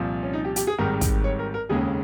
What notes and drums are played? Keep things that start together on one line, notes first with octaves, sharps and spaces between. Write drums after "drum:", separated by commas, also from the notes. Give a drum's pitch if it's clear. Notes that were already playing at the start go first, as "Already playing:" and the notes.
Already playing: C2 A#2 F3
C#4
D#4
G4
G4, drum: hi-hat
G#4
G#1 G#2 D#3 G3 A#4
drum: kick, hi-hat
C#5
A#4
A#4
F1 D#2 C#3 G#3 G#4